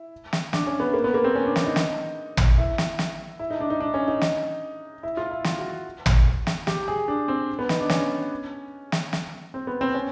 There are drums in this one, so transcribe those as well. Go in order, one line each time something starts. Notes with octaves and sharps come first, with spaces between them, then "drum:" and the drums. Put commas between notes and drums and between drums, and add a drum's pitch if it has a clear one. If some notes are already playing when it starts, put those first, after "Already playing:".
Already playing: E4
drum: snare
D4, drum: snare
C#4
B3
A#3
B3
A#3
C4
C#4
D4
D4, drum: snare
D#4
drum: snare
drum: tom
E4
drum: snare
drum: snare
E4
D#4
D4
D#4
D4
C#4
D#4
drum: snare
E4
F4
E4
F4, drum: snare
F#4
drum: tom
drum: snare
G4, drum: snare
G#4
D4
C4
B3
D#4, drum: snare
D4
C#4, drum: snare
drum: snare
drum: snare
C4
B3
C4
C#4